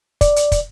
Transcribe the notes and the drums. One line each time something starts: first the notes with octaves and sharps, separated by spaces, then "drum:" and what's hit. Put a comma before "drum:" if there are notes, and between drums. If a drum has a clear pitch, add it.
D5, drum: kick, hi-hat
drum: hi-hat
drum: kick, hi-hat